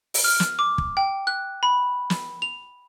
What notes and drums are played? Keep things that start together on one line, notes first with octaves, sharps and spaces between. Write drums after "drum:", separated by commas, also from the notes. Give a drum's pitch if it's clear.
drum: open hi-hat
F6
drum: snare
D6
drum: kick
G5
F#6
B5
drum: snare
F7